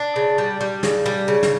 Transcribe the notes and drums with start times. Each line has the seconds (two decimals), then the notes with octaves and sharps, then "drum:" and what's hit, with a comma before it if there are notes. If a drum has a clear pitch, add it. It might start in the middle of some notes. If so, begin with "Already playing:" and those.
Already playing: D4
0.16 C#3
0.38 G3
0.61 G3
0.83 C#3, drum: snare
1.06 G3
1.28 C#3
1.43 drum: snare